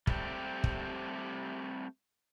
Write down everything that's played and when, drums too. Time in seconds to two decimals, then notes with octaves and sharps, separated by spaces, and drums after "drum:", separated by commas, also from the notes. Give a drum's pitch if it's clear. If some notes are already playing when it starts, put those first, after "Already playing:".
0.07 G3 A3 C4 G4, drum: kick
0.64 drum: kick